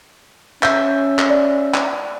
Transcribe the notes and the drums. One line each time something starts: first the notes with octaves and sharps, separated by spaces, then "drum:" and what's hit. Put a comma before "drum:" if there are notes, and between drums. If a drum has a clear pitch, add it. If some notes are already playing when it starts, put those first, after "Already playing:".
C#4 E5 G6, drum: clap
drum: clap
D5
drum: clap